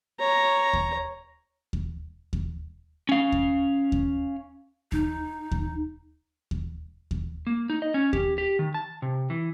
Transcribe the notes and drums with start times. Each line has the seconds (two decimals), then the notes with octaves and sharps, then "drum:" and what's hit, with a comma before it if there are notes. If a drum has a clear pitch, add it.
0.20 C#5 A#5
0.73 drum: kick D#2
1.73 drum: kick D#2
2.33 drum: kick D#2
3.09 C#4 F5
3.32 drum: kick D#2
3.92 drum: kick D#2
4.92 D#4, drum: kick D#2
5.51 drum: kick D#2
6.51 drum: kick D#2
7.11 drum: kick D#2
7.47 A#3
7.70 D#4
7.82 D#5
7.94 C#4
8.13 G4, drum: kick D#2
8.38 G4
8.59 D#3
8.74 A5
9.02 C3
9.30 E3